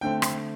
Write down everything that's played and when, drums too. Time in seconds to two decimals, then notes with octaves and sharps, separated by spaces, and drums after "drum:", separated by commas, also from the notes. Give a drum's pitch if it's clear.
0.01 D3 A3 C4 G5
0.22 drum: rim click